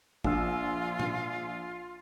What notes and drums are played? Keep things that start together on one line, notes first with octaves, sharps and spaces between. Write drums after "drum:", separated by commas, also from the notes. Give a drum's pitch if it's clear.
A#1 F4 E6, drum: kick
drum: tom A#2